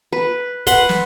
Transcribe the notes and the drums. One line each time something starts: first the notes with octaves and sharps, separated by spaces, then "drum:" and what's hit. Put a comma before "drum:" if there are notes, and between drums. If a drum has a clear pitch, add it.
B4
B4 F#5 C6, drum: kick, hi-hat
drum: snare